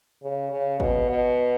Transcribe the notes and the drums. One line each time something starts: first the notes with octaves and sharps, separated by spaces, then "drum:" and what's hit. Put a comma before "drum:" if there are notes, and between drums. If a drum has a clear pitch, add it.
C#3
C#3
B2, drum: kick G#1
B2